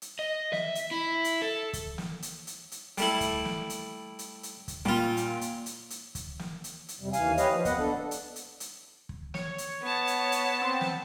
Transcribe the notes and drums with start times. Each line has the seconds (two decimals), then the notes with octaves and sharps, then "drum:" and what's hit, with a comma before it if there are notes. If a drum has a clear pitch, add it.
0.02 drum: hi-hat
0.19 D#5
0.53 E5, drum: snare
0.75 drum: hi-hat
0.91 E4
1.24 drum: hi-hat
1.42 A4
1.73 drum: kick, hi-hat
1.98 drum: snare
2.22 drum: hi-hat
2.47 drum: hi-hat
2.71 drum: hi-hat
2.98 G3 A3 E4, drum: hi-hat
3.21 drum: kick, hi-hat
3.45 drum: snare
3.70 drum: hi-hat
4.19 drum: hi-hat
4.43 drum: hi-hat
4.68 drum: kick, hi-hat
4.85 A#2 G3 F4
5.17 drum: hi-hat
5.41 drum: hi-hat
5.66 drum: hi-hat
5.90 drum: hi-hat
6.15 drum: kick, hi-hat
6.39 drum: snare
6.64 drum: hi-hat
6.88 drum: hi-hat
7.00 F2 C3 G3
7.13 D#2 E3 F5 G#5, drum: hi-hat
7.38 G4 B4 C#5 D#5 F5, drum: hi-hat
7.50 F3
7.65 F2 A#3 B3 B4 D#5 F#5, drum: kick, hi-hat
7.78 B3 D4 A4
8.11 drum: hi-hat
8.36 drum: hi-hat
8.60 drum: hi-hat
9.09 drum: kick
9.34 C#5, drum: snare
9.58 drum: hi-hat
9.82 B3 A5
10.07 drum: hi-hat
10.32 drum: hi-hat
10.62 C4
10.81 drum: snare